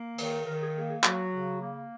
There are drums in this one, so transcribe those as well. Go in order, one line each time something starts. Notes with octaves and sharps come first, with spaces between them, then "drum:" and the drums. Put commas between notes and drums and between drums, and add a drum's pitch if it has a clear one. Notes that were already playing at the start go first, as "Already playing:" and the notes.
Already playing: A#3
D#3, drum: cymbal
D#3 A#4
G#4
A#3 G#4
G#4
F#3 F#4, drum: clap
C#3
A#3